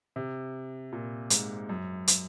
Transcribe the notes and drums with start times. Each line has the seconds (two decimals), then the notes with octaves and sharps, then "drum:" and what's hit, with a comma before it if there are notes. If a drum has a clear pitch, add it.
0.16 C3
0.92 A#2
1.30 G#2, drum: hi-hat
1.69 F#2
2.08 drum: hi-hat